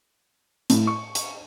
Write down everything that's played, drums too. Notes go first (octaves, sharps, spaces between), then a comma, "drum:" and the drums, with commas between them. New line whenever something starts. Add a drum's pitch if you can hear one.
A2, drum: hi-hat
C#6
drum: hi-hat